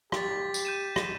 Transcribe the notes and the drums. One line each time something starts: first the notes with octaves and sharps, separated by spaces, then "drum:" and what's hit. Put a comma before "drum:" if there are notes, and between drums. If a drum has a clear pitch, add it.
G4 A6 B6, drum: rim click
drum: tambourine
G6 D#7 E7
drum: rim click